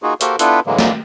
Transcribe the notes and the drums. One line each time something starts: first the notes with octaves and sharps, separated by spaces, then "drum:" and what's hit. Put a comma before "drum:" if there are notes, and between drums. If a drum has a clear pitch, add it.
A#3 D#4 F4 F#4 G#4
A#3 F#4 G4 A4 A#4 C5, drum: hi-hat
B3 D4 E4 F4 A4 B4, drum: hi-hat
A2 D3 E3 F#3 G#3 A#3
drum: snare